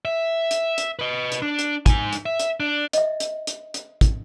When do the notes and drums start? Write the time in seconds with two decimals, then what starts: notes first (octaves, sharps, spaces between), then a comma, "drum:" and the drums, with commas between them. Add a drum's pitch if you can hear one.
0.05 E5
0.51 drum: hi-hat
0.78 drum: hi-hat
0.99 B4 D#5
1.32 drum: hi-hat
1.42 D4
1.59 drum: hi-hat
1.86 D#4 G#5, drum: kick, hi-hat
2.13 drum: hi-hat
2.26 E5
2.40 drum: hi-hat
2.60 D4
2.93 D#5 E5, drum: hi-hat
3.20 drum: hi-hat
3.47 drum: hi-hat
3.74 drum: hi-hat
4.01 drum: kick, hi-hat